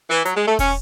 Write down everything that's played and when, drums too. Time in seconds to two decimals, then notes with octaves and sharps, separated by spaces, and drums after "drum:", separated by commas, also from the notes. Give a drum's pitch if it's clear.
0.10 E3
0.25 F#3, drum: hi-hat
0.36 G#3
0.47 A3
0.59 C#4, drum: kick, open hi-hat